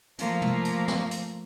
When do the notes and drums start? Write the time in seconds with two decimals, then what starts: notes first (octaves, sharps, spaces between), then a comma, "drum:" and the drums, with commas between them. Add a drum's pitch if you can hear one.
0.19 F3 A3 A#3, drum: hi-hat
0.42 drum: tom
0.65 drum: hi-hat
0.88 drum: snare
1.11 drum: hi-hat